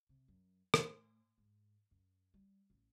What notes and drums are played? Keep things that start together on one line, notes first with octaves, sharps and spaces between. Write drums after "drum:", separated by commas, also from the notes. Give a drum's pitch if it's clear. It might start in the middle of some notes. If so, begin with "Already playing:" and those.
C3
F#2
A2, drum: rim click
G#2
F#2
G3
A1